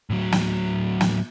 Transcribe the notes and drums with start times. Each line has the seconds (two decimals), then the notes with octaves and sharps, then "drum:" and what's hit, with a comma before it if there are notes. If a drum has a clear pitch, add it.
0.10 A2 F#3
0.32 drum: snare
1.01 drum: snare